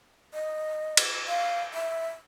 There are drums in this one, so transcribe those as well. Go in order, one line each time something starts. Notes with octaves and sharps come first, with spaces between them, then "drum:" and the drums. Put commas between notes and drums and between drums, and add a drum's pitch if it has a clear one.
D#5
drum: cymbal
F5
E5